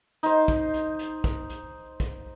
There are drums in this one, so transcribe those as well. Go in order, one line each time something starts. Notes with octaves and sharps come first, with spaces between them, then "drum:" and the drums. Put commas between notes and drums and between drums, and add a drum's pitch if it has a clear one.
D#4 C5, drum: hi-hat
drum: kick, hi-hat
drum: hi-hat
drum: hi-hat
drum: kick, hi-hat
drum: hi-hat
drum: kick, hi-hat